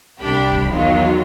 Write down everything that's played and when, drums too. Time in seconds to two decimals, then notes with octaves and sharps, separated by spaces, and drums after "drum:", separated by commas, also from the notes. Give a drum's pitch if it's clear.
0.19 C2 C3 D4 G4 B5
0.52 drum: kick C2
0.70 E2 D#3 F#3 F4